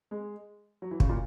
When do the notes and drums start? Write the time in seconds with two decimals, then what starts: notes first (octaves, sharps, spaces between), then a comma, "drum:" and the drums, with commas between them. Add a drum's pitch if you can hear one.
0.11 G#3
0.82 F#3
0.91 E3
1.00 C#3, drum: kick
1.09 A#2